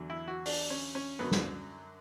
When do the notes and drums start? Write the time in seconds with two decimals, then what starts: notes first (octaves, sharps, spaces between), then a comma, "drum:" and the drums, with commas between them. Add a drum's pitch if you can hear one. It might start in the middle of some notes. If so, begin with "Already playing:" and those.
Already playing: E2 D3 F#3
0.10 E4
0.28 F#4
0.46 D4, drum: open hi-hat
0.70 C#4
0.95 C#4
1.19 F#2 D3 F#3 B3
1.32 drum: snare